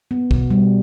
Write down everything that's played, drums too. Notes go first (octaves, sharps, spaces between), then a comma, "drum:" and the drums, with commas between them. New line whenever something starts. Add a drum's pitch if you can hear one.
B3
B2, drum: kick
G3